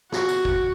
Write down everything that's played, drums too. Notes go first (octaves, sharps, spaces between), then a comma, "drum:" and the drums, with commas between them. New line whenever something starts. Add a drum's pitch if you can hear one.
F#4, drum: snare
drum: tambourine
drum: kick